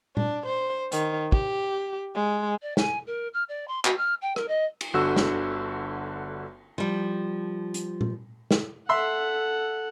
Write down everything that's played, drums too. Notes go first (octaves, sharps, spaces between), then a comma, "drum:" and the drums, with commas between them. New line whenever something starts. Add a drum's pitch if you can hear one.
D4, drum: tom A#2
C5
D#3, drum: hi-hat
G4, drum: kick
G#3
D5
G#5, drum: snare
A#4
F6
D5
C6
F#4, drum: clap
F6
G5
A#4, drum: rim click
D#5
drum: cymbal
G1 D3 F#4 E6
drum: snare
F3 G3
drum: hi-hat
drum: tom A#2
drum: snare
A4 E5 F#5 C6 E6